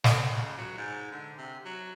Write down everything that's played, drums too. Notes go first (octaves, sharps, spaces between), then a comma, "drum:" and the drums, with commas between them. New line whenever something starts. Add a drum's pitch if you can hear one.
A3, drum: snare
C#2
F#3
G#2
D3
C3
F#3